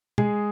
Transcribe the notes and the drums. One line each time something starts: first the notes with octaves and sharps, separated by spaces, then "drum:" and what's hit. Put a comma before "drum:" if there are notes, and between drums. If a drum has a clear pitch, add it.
G#3 G#4, drum: tom